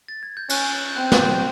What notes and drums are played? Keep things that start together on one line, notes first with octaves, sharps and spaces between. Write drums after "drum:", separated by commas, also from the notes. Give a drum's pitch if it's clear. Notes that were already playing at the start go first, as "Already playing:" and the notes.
A6
G#6
G6
C#4 F#6, drum: cymbal
G6
C4 F#6
drum: snare